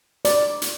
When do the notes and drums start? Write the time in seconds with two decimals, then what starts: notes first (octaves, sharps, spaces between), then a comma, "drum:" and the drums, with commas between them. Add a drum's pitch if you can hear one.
0.25 D5, drum: hi-hat
0.62 drum: hi-hat